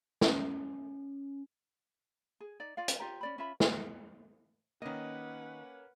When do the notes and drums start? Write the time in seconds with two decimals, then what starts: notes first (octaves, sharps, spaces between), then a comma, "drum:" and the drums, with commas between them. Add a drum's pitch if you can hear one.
0.21 C#4, drum: snare
2.40 G#4
2.60 D#4 D5
2.77 F4 D5 F5
2.88 drum: hi-hat
3.00 F4 G4 A#5
3.21 C#4 D5 B5
3.38 C#4 F4 E5 B5
3.60 drum: snare
4.82 D#3 A#3 C#4 B4 D#5 F#5